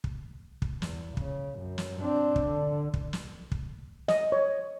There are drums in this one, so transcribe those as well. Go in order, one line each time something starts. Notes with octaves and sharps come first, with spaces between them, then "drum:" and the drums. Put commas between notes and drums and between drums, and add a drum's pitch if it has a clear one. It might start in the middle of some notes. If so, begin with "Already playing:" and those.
drum: kick
drum: kick
E2, drum: snare
C#3, drum: kick
F#2
drum: snare
C4 D4
drum: kick
D3
drum: kick
drum: snare
drum: kick
D#5, drum: snare
C#5